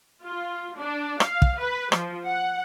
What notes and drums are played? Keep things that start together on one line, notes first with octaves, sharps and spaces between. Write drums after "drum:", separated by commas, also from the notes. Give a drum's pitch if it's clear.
F4
D4
F5, drum: rim click
drum: kick
B4
F3, drum: rim click
F#5